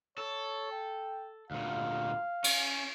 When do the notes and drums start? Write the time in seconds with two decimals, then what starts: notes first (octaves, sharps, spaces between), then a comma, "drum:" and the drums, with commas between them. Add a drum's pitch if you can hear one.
0.18 A4 C#5
0.71 G5
1.51 D2 A#2 F5
2.44 C#4, drum: cymbal